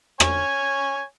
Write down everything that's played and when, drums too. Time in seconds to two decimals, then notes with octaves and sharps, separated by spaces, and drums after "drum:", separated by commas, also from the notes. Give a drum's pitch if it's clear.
0.20 C#5 G#5, drum: rim click